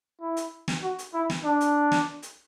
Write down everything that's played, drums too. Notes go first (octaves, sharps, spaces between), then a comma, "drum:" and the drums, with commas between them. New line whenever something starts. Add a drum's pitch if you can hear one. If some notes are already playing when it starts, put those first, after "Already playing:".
E4
drum: hi-hat
drum: snare
F#4
drum: hi-hat
E4
drum: snare
D4
drum: hi-hat
drum: snare
drum: hi-hat